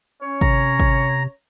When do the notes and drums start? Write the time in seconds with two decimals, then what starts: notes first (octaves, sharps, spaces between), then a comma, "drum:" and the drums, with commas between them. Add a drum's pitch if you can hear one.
0.22 C#4 C#5
0.41 C3 A#5, drum: kick
0.80 drum: kick